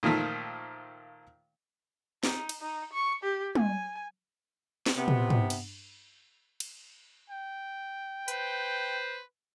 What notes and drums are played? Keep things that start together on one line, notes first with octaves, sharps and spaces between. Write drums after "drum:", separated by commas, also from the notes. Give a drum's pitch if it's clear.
A#2 D#3 F3 A3 A#3
D#4, drum: snare
drum: cymbal
D#4
C#6
G4
G#5, drum: tom
drum: snare
C3 B3
drum: tom
drum: tom
drum: cymbal
drum: cymbal
G5
B4 C5, drum: hi-hat